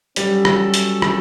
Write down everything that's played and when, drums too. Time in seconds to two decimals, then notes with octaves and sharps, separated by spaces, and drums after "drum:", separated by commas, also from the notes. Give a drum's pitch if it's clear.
0.16 F#3 G3 C#4 F#4 A4, drum: hi-hat
0.45 drum: rim click
0.74 drum: hi-hat
1.02 drum: rim click